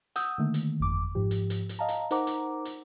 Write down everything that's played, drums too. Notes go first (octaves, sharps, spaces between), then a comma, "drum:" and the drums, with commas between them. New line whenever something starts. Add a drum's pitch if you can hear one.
F#5 D#6 E6 G6, drum: hi-hat
D3 D#3 A3 A#3
drum: hi-hat
G1 F2 D6
G#2 F3 G4
drum: hi-hat
drum: hi-hat
drum: hi-hat
D#5 F5 A5 A#5
drum: hi-hat
D#4 A#4 C5 F#5 A#5 D6, drum: hi-hat
drum: hi-hat
drum: hi-hat